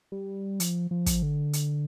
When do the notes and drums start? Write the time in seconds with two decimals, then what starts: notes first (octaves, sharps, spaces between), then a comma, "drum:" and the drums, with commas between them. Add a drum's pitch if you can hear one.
0.12 G3
0.60 F3, drum: hi-hat
0.91 F3
1.06 drum: kick, hi-hat
1.23 D3
1.53 drum: hi-hat